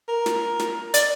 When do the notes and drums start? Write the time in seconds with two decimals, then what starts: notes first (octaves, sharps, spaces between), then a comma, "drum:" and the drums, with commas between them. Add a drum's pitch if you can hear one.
0.09 A#4
0.26 drum: snare
0.59 drum: snare
0.94 D5, drum: hi-hat